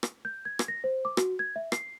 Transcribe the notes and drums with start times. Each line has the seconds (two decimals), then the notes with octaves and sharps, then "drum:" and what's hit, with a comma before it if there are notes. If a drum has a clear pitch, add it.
0.03 drum: rim click
0.25 G6
0.45 G#6
0.59 drum: rim click
0.68 A#6
0.84 C5
1.05 D6
1.17 F#4, drum: rim click
1.39 G#6
1.56 E5
1.72 C7, drum: rim click